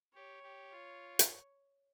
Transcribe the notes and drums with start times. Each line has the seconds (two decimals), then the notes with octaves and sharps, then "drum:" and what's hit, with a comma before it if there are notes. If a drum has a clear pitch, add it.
0.15 G4 C#5
0.43 G4
0.72 F4
1.19 drum: hi-hat